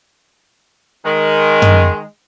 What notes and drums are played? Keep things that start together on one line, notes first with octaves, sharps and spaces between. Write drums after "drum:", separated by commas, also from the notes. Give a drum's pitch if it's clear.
D#3 G#3
drum: tom